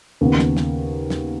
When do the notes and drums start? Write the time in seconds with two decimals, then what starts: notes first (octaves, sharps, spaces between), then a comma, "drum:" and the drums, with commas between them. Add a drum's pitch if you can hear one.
0.21 D#2 C#3 B3
0.39 drum: snare
0.57 drum: snare
1.10 drum: snare